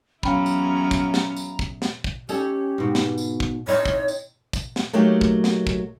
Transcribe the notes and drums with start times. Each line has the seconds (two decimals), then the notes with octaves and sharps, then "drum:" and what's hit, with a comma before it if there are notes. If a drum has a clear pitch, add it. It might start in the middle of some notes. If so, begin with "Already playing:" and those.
0.23 E2 F#3 C#4 E4 F5 G5 A#5 B5, drum: kick
0.46 drum: tambourine
0.91 drum: kick, tambourine
1.14 drum: snare
1.36 drum: tambourine
1.59 drum: kick
1.82 drum: snare
2.04 drum: kick
2.29 C#4 D#4 G4 A4, drum: tambourine
2.78 G#2 B2
2.95 drum: snare
3.18 drum: tambourine
3.40 drum: kick
3.67 C4 D#4 E4 C#5
3.86 drum: kick
4.08 drum: tambourine
4.53 drum: kick, tambourine
4.76 drum: snare
4.93 F#3 A3 A#3 D#4 G4
5.21 drum: kick
5.44 drum: snare
5.67 drum: kick